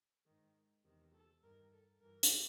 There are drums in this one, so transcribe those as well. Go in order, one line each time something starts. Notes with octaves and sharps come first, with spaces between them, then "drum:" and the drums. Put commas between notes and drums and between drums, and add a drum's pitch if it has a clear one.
G#2 D#3
E2 C3 D#3
A4
G2 D#3 A#4
A4
G2 E3 A#4
drum: hi-hat